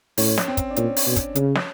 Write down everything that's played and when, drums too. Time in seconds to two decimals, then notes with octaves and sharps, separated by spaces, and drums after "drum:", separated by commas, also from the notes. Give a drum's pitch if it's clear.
0.18 A2 C#4, drum: open hi-hat
0.38 drum: snare
0.48 C4
0.57 drum: kick, hi-hat
0.70 D4
0.76 A#2 C#4, drum: hi-hat
0.96 drum: open hi-hat
1.06 B2 D4
1.16 drum: kick, hi-hat
1.35 C#3 C#4, drum: hi-hat
1.55 drum: snare